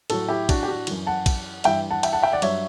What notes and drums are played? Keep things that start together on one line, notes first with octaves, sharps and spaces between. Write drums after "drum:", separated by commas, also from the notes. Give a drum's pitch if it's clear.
A2 F#3 F#4 A4, drum: cymbal
E4 G4
D4 F#4, drum: kick, cymbal
G4
D4 F#4
F#2 E3, drum: cymbal
F#5 A5
drum: kick, cymbal
G2 E3 E5 G5, drum: cymbal
F#5 A5
E5 G5, drum: cymbal
F#5 A5
E5 G5
D5 F#5
G2 F#3 C#5 E5, drum: cymbal